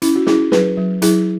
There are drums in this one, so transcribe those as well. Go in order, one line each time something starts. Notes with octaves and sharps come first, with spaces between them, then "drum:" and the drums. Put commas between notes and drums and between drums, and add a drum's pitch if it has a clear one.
C#4 E4, drum: hi-hat
F#4
C#4 E4 G#4, drum: snare
F#3 G#4 B4, drum: snare
F#3
F#3 E4 G#4, drum: hi-hat